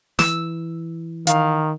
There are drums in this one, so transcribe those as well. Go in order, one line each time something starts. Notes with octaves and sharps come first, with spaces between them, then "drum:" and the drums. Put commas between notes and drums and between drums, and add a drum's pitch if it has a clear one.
E3 E6, drum: snare
D#3 F5, drum: hi-hat